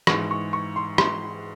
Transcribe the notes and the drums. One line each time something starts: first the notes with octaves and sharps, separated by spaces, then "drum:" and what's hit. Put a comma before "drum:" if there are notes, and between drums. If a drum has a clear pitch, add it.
G#2 E3 G#3 C#6, drum: rim click
C#6
C#6
C6
C6, drum: rim click